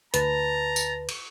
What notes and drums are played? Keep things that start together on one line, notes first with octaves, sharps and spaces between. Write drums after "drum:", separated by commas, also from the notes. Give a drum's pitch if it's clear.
D2 B4 A5 A#5, drum: hi-hat
drum: tambourine
drum: cymbal